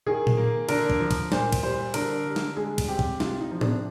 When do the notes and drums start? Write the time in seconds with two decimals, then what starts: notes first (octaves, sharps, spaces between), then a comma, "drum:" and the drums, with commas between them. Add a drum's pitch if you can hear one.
0.06 D#3 G#4
0.27 drum: tom A#2
0.37 A#3
0.69 D3 A#4, drum: cymbal
0.90 drum: kick
1.00 F3
1.11 drum: kick, cymbal
1.32 A#2 C5, drum: snare
1.52 drum: kick, cymbal
1.63 G3 C5
1.94 D3 A#4, drum: cymbal
2.25 G3
2.36 drum: snare
2.57 G#3 G#4
2.78 drum: kick, cymbal
2.88 C4 G4
2.99 drum: kick
3.20 C3 F4, drum: snare
3.41 D#4
3.51 F3
3.61 D4, drum: tom A2